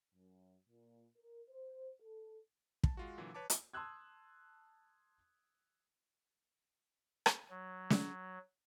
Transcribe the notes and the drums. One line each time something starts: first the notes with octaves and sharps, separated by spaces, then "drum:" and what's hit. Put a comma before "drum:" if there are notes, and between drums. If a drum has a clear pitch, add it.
F#2
A#2
A#4
C5
A4
A5, drum: kick
G#3 F4 F#4
A#2 D3 E3 F#3
B4 C#5 A5 D6
drum: hi-hat
A5 C6 D#6 E6 F#6 G#6
drum: rim click
F#3
drum: snare